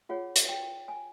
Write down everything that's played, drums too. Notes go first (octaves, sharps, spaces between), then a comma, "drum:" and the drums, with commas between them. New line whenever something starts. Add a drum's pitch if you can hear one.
F4 G#4 C#5 F#5
drum: hi-hat
G5
G#5